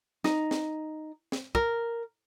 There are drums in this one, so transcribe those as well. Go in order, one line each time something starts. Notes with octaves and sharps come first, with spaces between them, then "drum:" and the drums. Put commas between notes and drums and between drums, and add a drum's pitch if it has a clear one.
D#4, drum: snare
drum: snare
drum: snare
A#4, drum: kick